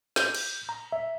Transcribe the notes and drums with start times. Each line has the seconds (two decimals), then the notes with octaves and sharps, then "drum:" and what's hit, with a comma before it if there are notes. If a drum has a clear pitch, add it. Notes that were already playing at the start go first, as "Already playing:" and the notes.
0.16 G6, drum: snare
0.35 drum: cymbal
0.69 A#5
0.92 E5